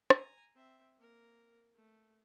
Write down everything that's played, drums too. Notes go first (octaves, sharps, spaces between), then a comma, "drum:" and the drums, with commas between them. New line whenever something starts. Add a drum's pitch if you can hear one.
G#5 A#5, drum: rim click
C4 E5
A#3 A#4
A3